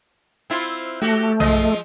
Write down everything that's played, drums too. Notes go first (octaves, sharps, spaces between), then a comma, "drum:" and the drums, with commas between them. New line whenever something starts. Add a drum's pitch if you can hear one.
C4 E4 F4
A3 F#4 G4
F3 G#3 D#5, drum: tom B1